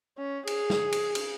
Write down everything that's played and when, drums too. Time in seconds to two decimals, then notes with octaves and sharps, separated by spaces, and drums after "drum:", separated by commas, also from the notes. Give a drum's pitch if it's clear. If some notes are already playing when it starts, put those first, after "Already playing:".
0.18 C#4
0.47 G#4, drum: cymbal
0.70 drum: snare
0.92 drum: cymbal
1.15 drum: cymbal